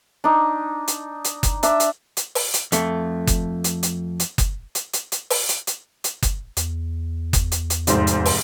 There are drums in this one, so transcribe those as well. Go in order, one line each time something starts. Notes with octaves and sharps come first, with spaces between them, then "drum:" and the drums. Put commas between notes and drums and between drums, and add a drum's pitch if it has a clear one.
D4 D#4
drum: hi-hat
drum: hi-hat
drum: kick F#1, hi-hat
D4 E5, drum: hi-hat
drum: hi-hat
drum: hi-hat
drum: open hi-hat
drum: hi-hat
F2 A3, drum: hi-hat
drum: kick F#1, hi-hat
drum: hi-hat
drum: hi-hat
drum: hi-hat
drum: kick F#1, hi-hat
drum: hi-hat
drum: hi-hat
drum: hi-hat
drum: open hi-hat
drum: hi-hat
drum: hi-hat
drum: hi-hat
drum: kick F#1, hi-hat
E2, drum: hi-hat
drum: kick F#1, hi-hat
drum: hi-hat
drum: hi-hat
F1 G#2 C5, drum: hi-hat
drum: hi-hat
drum: open hi-hat